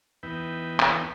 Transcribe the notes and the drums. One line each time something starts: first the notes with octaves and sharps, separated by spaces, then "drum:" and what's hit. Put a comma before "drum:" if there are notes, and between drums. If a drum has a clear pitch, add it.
E2 B3 D#4 B4 E5 G5
drum: clap